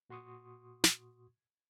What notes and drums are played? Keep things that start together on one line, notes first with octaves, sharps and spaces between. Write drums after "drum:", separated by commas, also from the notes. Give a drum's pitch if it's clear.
A#2 F#4 C6 C#6 D#6
drum: snare